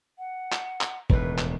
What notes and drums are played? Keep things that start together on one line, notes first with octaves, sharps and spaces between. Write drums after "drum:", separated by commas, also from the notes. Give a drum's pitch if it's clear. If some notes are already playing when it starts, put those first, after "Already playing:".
F#5
drum: clap
drum: clap
E1 D#2 A2 B4, drum: kick
drum: clap